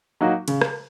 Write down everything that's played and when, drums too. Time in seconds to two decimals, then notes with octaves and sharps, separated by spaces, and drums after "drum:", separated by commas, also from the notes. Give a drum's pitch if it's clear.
0.21 F#3 A#3 D#4 F#4
0.48 C#3, drum: cymbal
0.61 drum: rim click